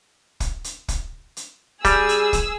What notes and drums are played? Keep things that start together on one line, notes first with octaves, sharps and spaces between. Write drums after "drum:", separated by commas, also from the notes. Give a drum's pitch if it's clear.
drum: kick, hi-hat
drum: hi-hat
drum: kick, hi-hat
drum: hi-hat
G3 G#4 E6, drum: kick, hi-hat
drum: hi-hat
drum: kick, hi-hat